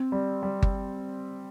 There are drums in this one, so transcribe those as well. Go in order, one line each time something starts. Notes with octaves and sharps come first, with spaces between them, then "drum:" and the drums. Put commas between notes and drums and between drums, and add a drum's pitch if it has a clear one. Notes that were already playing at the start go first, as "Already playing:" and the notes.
Already playing: C4
G3
G3
drum: kick G1